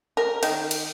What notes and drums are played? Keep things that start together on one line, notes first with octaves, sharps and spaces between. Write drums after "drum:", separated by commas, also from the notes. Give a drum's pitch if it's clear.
A#4
D#3, drum: cymbal
drum: cymbal